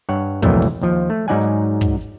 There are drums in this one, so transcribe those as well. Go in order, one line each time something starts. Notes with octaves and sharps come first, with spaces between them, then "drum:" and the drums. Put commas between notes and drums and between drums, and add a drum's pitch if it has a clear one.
G2 C#5 F#5
C2 F2 A#2 E3 F#3 A3, drum: kick
drum: open hi-hat
D#2 F3, drum: hi-hat
A3
G#2 F#3 D#4 D5 F#5 G#5
drum: hi-hat
drum: kick, hi-hat
drum: hi-hat